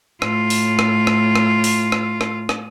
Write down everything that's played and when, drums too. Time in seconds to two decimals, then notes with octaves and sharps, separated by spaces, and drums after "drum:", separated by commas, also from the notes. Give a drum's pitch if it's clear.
0.22 A2 F4, drum: rim click
0.50 drum: open hi-hat
0.79 drum: rim click
1.07 drum: rim click
1.36 drum: rim click
1.64 drum: open hi-hat
1.92 drum: rim click
2.21 drum: rim click
2.49 drum: rim click